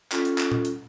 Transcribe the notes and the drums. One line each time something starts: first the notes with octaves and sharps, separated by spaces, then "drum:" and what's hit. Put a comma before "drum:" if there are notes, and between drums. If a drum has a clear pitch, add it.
C#4 F4 A4, drum: clap
drum: hi-hat
drum: clap
drum: tom A#2
drum: hi-hat